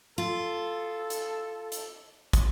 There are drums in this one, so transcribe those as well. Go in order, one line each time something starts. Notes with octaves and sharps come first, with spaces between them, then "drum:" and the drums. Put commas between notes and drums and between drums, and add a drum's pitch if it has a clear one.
F4 A4
drum: hi-hat
drum: hi-hat
drum: kick, hi-hat